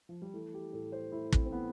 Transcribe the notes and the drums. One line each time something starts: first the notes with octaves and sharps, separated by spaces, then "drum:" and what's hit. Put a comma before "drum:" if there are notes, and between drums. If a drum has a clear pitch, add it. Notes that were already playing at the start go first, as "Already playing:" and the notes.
F3
G3
E3 A3
G4
A2 A4
C5
A2 E4
C4, drum: kick
C4
E3 B3